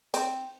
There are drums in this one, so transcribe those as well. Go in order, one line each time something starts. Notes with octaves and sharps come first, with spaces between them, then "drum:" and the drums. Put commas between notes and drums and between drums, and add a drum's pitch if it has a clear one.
C4, drum: hi-hat